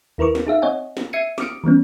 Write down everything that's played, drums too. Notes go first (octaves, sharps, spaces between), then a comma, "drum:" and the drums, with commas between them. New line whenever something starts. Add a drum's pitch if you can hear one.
D#2 E4 A#4 B4 C#6 D6
drum: snare
D#4 G#4 E5 F5
C4 C#5 D#5 F#5 G#5
drum: snare
E5 G#6 C7 C#7 D#7
D6 D#6 F6 C#7 D7, drum: snare
E3 G3 B3 C#4